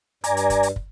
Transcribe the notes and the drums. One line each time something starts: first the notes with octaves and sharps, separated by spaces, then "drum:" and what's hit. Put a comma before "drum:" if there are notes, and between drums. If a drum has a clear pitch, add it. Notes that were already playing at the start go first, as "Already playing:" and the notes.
G2 D5 G#5 A#5, drum: hi-hat
drum: hi-hat
drum: kick, hi-hat
drum: hi-hat
drum: kick